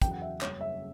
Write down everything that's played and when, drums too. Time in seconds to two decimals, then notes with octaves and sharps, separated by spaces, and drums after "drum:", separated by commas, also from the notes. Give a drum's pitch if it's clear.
0.02 E2 C#3 F#3 G5, drum: kick, hi-hat
0.11 F#5
0.22 E5
0.41 F#1 F#2 C#3 G3 C#5, drum: clap
0.61 E5